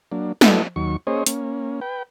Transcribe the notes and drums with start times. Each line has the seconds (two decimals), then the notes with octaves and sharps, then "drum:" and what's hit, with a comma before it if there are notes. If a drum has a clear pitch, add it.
0.12 F#3 A#3 D4
0.41 A3 E4 F#4 A4 B4 D#5, drum: snare
0.76 D#2 F#3 C#6
1.07 A#3 C#4 G#4 C5 C#5 D#5
1.26 A#3 C#4, drum: hi-hat
1.81 B4 G5